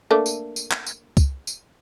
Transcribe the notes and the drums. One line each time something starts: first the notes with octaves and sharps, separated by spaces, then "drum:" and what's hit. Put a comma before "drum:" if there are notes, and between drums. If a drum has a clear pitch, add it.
A3 A#3 D4
drum: tambourine
drum: tambourine
drum: clap
drum: tambourine
drum: kick, tambourine
drum: tambourine